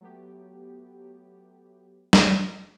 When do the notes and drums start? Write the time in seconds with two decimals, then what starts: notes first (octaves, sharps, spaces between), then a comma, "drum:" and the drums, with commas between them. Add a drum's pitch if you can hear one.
0.01 F#3 A3 B3 G4
2.13 drum: snare